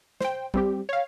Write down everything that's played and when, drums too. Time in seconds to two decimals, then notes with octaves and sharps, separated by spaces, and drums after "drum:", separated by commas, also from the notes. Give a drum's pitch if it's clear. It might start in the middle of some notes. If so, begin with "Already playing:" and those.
0.21 C5 G5, drum: snare
0.54 G3 C4 G4, drum: kick
0.89 C#5 F5